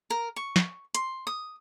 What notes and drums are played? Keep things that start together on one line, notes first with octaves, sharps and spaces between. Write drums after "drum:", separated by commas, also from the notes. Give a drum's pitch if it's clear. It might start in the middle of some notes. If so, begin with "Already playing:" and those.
A#4
C#6
drum: snare
C6, drum: hi-hat
D#6